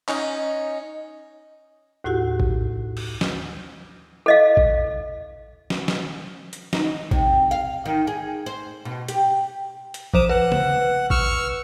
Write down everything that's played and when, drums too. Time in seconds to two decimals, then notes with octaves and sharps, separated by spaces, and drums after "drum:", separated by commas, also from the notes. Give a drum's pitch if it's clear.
0.08 C#4 D#4, drum: clap
2.04 D#2 A2 E4 F#4 G4 F#5
2.40 drum: kick A1
2.97 drum: cymbal
3.21 drum: snare
4.26 A4 D#5 F5
4.57 drum: kick A1
5.70 drum: snare
5.88 drum: snare
6.53 drum: hi-hat
6.73 D#4, drum: snare
7.11 C3, drum: kick A1
7.51 F5
7.86 D#3
8.07 G#4
8.46 C5
8.85 B2
9.08 G4, drum: hi-hat
9.94 drum: hi-hat
10.14 F3 C5 D6 D#6 E7, drum: kick A1
10.29 B4 F#5
10.52 drum: tom C#3
11.10 C#6 E6 F6, drum: kick A1